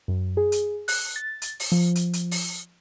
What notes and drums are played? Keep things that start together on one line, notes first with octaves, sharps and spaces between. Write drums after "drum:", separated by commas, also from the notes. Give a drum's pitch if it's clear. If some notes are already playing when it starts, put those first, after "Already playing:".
F#2
G#4
drum: hi-hat
F#6, drum: open hi-hat
A6
drum: hi-hat
drum: open hi-hat
F3
drum: hi-hat
drum: hi-hat
drum: open hi-hat